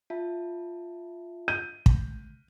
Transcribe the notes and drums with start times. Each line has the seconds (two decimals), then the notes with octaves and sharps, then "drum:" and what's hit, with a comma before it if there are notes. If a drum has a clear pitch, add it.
0.10 F4 E5 A5
1.48 G6 D#7
1.86 drum: kick